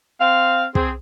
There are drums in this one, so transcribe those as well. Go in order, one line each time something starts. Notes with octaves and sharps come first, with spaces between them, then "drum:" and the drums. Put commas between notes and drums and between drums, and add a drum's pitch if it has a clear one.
C4 F5
C4 G#4, drum: kick